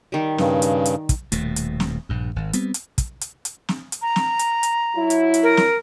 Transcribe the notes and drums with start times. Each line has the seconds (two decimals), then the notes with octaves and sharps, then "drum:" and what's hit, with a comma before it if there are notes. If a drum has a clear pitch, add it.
0.12 D#3 G3
0.38 G2 C#3, drum: snare
0.62 drum: hi-hat
0.85 drum: hi-hat
1.09 drum: kick, hi-hat
1.32 D#1 D#2 B2 A3, drum: hi-hat
1.56 drum: hi-hat
1.80 drum: snare
2.09 A#1 G2
2.36 G#1
2.53 G3 B3 C4, drum: hi-hat
2.74 drum: hi-hat
2.98 drum: kick, hi-hat
3.21 drum: hi-hat
3.45 drum: hi-hat
3.69 drum: snare
3.92 drum: hi-hat
4.02 A#5
4.16 drum: snare
4.39 drum: hi-hat
4.63 drum: hi-hat
4.95 F#3 E4
5.10 drum: hi-hat
5.34 drum: hi-hat
5.43 A#4
5.57 drum: snare